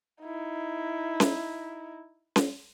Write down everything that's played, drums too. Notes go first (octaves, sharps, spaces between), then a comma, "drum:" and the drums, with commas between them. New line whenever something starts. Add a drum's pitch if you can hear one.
D#4 E4
drum: snare C#4
drum: snare C#4